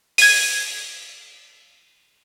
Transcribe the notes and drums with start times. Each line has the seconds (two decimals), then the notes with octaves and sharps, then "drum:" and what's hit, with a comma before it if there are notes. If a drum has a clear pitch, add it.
0.18 G#6 D#7, drum: open hi-hat